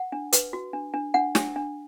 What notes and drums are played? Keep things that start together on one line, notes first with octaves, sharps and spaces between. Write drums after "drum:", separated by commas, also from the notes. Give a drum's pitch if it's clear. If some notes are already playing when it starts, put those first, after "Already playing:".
Already playing: F#5
D4
B4, drum: hi-hat
F#4
D4
D4
D4 F#5
D4, drum: snare
D4